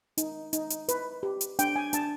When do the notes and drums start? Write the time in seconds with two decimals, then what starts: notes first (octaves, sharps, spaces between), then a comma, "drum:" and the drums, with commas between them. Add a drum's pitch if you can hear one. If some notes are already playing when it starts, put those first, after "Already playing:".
0.18 D#4, drum: hi-hat
0.53 D#4, drum: hi-hat
0.70 drum: hi-hat
0.89 B4, drum: hi-hat
1.23 G4
1.41 drum: hi-hat
1.59 D4 G5, drum: hi-hat
1.76 G#5
1.93 D4 A5, drum: hi-hat